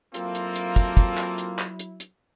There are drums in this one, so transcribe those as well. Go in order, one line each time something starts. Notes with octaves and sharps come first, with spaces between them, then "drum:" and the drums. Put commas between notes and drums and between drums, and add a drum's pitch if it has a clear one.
F#3 A#3 C4 E4 F4 A4, drum: hi-hat
drum: hi-hat
drum: hi-hat
drum: kick, hi-hat
drum: kick, hi-hat
drum: clap
drum: hi-hat
drum: clap
drum: hi-hat
drum: hi-hat